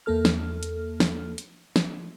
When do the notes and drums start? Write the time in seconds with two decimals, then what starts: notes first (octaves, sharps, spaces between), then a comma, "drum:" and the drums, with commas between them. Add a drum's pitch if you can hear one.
0.06 E2 A#3 A4 F6
0.25 drum: snare
0.63 drum: hi-hat
1.00 drum: snare
1.38 drum: hi-hat
1.76 drum: snare